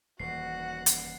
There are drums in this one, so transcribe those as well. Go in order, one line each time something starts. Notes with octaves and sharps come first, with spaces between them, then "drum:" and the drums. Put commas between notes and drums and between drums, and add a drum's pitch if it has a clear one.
D#1 E3 F#4 F#5 C7
drum: hi-hat